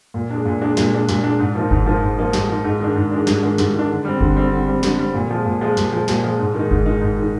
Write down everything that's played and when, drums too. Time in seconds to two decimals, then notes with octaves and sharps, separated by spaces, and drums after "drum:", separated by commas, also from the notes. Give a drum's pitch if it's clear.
0.14 A#2
0.30 G#3 D4
0.45 A#2
0.62 G#3 D4
0.77 A#2, drum: snare
0.93 G#3 D4
1.09 A#2, drum: snare
1.23 G#3 D4
1.39 G#2
1.55 F3 A#3 D#4
1.71 G#2, drum: kick G1
1.86 F3 A#3 D#4
2.02 G#2
2.18 F3 A#3 D#4
2.33 G#2, drum: snare
2.48 F3 A#3 D#4
2.64 G#2
2.80 D#3 G#3 D4
2.95 G#2
3.11 D#3 G#3 D4
3.27 G#2, drum: snare
3.43 D#3 G#3 D4
3.58 G#2, drum: snare
3.74 D#3 G#3 D4
3.89 D3
4.05 G3 C4
4.21 D3, drum: kick G1
4.36 G3 C4
4.52 D3
4.67 G3 C4
4.83 D3, drum: snare
4.99 G3 C4
5.14 A#2
5.30 F3 G#3
5.46 A#2
5.61 F3 G#3
5.77 A#2, drum: snare
5.92 F3 G#3
6.08 A#2, drum: snare
6.24 F3 G#3
6.39 G#2
6.55 D#3 G#3 D#4
6.71 G#2, drum: kick G1
6.86 D#3 G#3 D#4
7.01 G#2
7.17 D#3 G#3 D#4